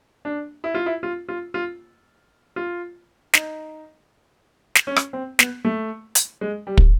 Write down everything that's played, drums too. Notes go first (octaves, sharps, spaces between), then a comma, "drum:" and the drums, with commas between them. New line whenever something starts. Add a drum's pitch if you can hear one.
D4
E4
F4
E4
F4
F4
F4
F4
D#4, drum: snare
drum: snare
C#4
drum: rim click
C4
B3, drum: snare
A3
drum: hi-hat
G#3
G3
drum: kick